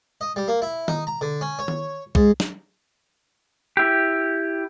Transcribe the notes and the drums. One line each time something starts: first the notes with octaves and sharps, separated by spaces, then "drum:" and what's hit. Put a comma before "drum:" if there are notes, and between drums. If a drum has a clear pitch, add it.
D#5
G3
A#3
E4
D#4, drum: tom D#3
A#5
D3
C#4
C#5
drum: tom D#3
G#2, drum: kick
drum: snare
E4 G4